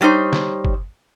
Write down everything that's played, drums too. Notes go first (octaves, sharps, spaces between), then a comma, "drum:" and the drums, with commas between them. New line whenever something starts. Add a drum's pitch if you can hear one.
F#3 G3 D#4 C5 C#5
drum: snare
drum: kick